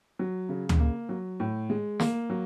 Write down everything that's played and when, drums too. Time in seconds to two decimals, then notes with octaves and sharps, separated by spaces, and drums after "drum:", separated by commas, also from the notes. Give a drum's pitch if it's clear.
0.19 F#3
0.49 C#3
0.69 drum: tom D2
0.80 A#3
1.09 F#3
1.40 A2
1.70 G#3
2.00 A#3, drum: snare
2.30 F#3